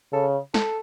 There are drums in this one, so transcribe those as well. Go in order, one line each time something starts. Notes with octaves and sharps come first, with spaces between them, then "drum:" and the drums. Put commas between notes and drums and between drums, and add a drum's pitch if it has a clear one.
C#3 A4
A4, drum: snare